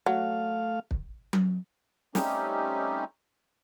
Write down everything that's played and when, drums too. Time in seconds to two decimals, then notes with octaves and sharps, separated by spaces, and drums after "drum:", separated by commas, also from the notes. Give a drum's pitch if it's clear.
0.06 F#3 A3 F5
0.91 drum: kick
1.33 drum: tom F#3
2.15 G3 A3 C4 C#4 D#4 G4, drum: snare